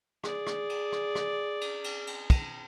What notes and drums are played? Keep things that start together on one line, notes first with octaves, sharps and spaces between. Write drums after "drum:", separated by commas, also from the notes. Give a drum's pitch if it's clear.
G#4 D5, drum: rim click
drum: rim click
drum: cymbal
drum: rim click
drum: rim click
drum: cymbal
drum: cymbal
drum: cymbal
drum: kick, cymbal